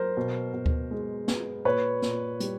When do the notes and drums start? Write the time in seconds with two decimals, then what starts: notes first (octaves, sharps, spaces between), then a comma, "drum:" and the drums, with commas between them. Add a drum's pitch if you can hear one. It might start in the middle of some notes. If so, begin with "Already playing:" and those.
Already playing: F#3 A#4 C5
0.17 B2
0.54 B2
0.66 drum: kick D2
0.91 G#3
1.28 B3, drum: snare
1.65 A#2 B4 C#5
2.02 A#2, drum: snare
2.40 G3, drum: hi-hat